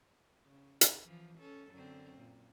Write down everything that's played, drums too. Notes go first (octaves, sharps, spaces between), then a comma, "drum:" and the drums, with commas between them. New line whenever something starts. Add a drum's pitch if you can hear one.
C#3
drum: hi-hat
E3 F3
C#4 A4
F#2 D3 C4
A#2